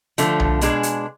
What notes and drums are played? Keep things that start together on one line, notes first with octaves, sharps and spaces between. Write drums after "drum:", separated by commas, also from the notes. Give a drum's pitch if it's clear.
D3 F3 A3, drum: hi-hat
drum: tom B1
B2 G#3 D4 G#4, drum: hi-hat
drum: hi-hat